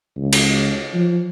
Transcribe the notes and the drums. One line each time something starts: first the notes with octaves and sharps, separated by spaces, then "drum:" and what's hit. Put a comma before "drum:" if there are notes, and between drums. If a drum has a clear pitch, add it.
C#2
drum: cymbal
F3